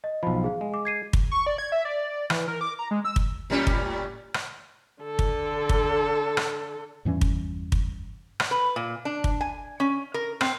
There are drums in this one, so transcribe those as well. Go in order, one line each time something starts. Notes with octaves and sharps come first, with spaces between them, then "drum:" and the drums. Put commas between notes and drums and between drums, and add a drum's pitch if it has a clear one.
D#5
B1 F3 B5
G#4 F5
G#3
D6
G#6 C7 D#7
drum: kick
C#6
D5
G#6
E5
D5
E3, drum: rim click
A#4
D6
A#5
G#3
E6
drum: kick
A2 G3 C#4
drum: kick
drum: rim click
D3 A4
drum: kick
drum: kick
drum: rim click
E2 G2 E3 C#4
drum: kick
drum: kick
drum: rim click
B4
A#2
D4
drum: kick
G#5
C#4
A#4
C4, drum: rim click